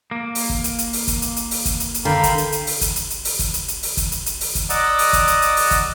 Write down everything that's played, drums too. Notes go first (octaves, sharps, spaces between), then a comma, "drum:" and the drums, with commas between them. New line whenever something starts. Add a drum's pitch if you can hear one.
A#3
drum: open hi-hat
drum: kick
drum: hi-hat
drum: hi-hat
drum: open hi-hat
drum: kick, hi-hat
drum: hi-hat
drum: hi-hat
drum: open hi-hat
drum: kick, hi-hat
drum: hi-hat
drum: hi-hat
D3 A#4 F5 G5 B5
drum: kick, hi-hat
drum: hi-hat
drum: hi-hat
drum: open hi-hat
drum: kick, hi-hat
drum: hi-hat
drum: hi-hat
drum: open hi-hat
drum: kick, hi-hat
drum: hi-hat
drum: hi-hat
drum: open hi-hat
drum: kick, hi-hat
drum: hi-hat
drum: hi-hat
drum: open hi-hat
drum: kick, hi-hat
D5 D#5 F#5 A#5 D6 E6, drum: hi-hat
drum: open hi-hat
drum: kick, hi-hat
drum: hi-hat
drum: hi-hat
drum: open hi-hat
drum: kick, hi-hat